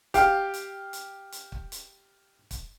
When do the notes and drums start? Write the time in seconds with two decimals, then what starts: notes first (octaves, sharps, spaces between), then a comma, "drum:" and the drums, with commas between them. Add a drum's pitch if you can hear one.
0.14 G4 F5, drum: kick, hi-hat
0.54 drum: hi-hat
0.93 drum: hi-hat
1.32 drum: hi-hat
1.52 drum: kick
1.72 drum: hi-hat
2.51 drum: kick, hi-hat